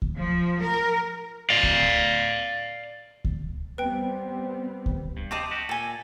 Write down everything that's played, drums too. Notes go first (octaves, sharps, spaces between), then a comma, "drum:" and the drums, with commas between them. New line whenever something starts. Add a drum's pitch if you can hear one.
drum: kick D2
F3
A#4
D5 F5
drum: kick D2
drum: kick D2
G3 B3 C4 B4 G5
drum: kick D2
G2
C3 C4 D#5 A5 D6
F#4 G4
A#2 A4 G#5 A5